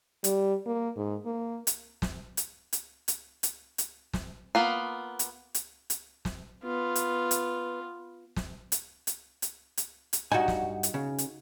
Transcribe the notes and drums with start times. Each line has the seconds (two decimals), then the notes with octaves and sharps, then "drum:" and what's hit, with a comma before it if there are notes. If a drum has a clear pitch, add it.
0.24 G3, drum: hi-hat
0.66 A#3
0.96 G#2
1.25 A#3
1.67 drum: hi-hat
2.02 drum: snare
2.37 drum: hi-hat
2.73 drum: hi-hat
3.08 drum: hi-hat
3.43 drum: hi-hat
3.78 drum: hi-hat
4.14 drum: snare
4.55 A#3 B3 F4
5.19 drum: hi-hat
5.54 drum: hi-hat
5.90 drum: hi-hat
6.25 drum: snare
6.64 B3 F4
6.95 drum: hi-hat
7.31 drum: hi-hat
8.36 drum: snare
8.72 drum: hi-hat
9.07 drum: hi-hat
9.42 drum: hi-hat
9.77 drum: hi-hat
10.13 drum: hi-hat
10.32 G2 D#4 F#4 G5 G#5
10.48 drum: snare
10.83 drum: hi-hat
10.94 C#3
11.18 drum: hi-hat